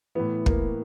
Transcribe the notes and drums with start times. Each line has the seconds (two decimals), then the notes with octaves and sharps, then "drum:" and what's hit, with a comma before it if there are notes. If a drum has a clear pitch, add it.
0.15 A2 E3 B3
0.46 A#3, drum: kick